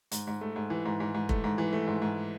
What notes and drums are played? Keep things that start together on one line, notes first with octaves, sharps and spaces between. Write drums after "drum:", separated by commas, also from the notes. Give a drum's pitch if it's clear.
G#2, drum: hi-hat
G#2
A3
G#2
E3
G#2
G#2
G#2
A3, drum: kick F1
G#2
E3
A3
G#2
G#2